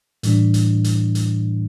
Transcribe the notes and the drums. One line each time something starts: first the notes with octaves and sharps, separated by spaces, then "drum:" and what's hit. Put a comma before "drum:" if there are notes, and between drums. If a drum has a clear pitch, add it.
A2 E3 G3 D4, drum: hi-hat
drum: hi-hat
drum: hi-hat
drum: hi-hat